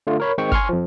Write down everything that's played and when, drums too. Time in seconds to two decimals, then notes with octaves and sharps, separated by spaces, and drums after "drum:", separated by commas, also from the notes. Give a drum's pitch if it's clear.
0.07 D3 A3 F4
0.20 A#4 C#5 B5
0.38 D#3 G#3 C4 G5 C#6
0.52 G#5 C6 C#6 F6, drum: kick G1
0.69 F2 F3